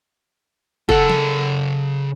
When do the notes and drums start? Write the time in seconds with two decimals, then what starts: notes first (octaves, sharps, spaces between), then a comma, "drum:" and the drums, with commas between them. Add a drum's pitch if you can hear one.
0.89 C#3 A4 F#5, drum: kick F1
1.10 drum: snare